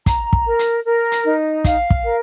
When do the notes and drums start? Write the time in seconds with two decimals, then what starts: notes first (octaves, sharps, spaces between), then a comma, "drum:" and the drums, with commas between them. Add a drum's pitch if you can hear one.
0.06 A#5, drum: kick, hi-hat
0.33 drum: kick
0.46 A#4
0.59 drum: hi-hat
0.85 A#4
1.12 drum: hi-hat
1.25 D#4
1.65 F5, drum: kick, hi-hat
1.91 drum: kick
2.03 A#4